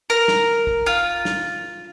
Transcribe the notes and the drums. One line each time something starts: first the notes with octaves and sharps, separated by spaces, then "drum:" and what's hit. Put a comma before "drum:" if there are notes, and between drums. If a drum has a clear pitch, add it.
A#4
drum: snare
drum: kick
F4
drum: snare